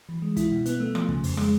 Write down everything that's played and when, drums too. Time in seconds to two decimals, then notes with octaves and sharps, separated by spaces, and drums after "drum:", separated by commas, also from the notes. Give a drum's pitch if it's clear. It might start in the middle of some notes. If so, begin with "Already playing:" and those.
0.09 E3
0.22 G#3
0.37 E4, drum: kick, hi-hat
0.51 B2
0.66 B3, drum: hi-hat
0.80 A3
0.95 F3, drum: rim click
1.09 C#3, drum: kick
1.24 F2, drum: open hi-hat
1.37 G#3, drum: rim click